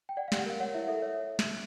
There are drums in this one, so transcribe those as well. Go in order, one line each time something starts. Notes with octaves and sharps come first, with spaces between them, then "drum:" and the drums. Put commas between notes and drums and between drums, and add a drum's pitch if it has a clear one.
G5
D5 F#5
F5
G4, drum: snare
F#5
A#4 F5
C#5 F#5
E4 E5
A4 E5
C#5 E5
drum: snare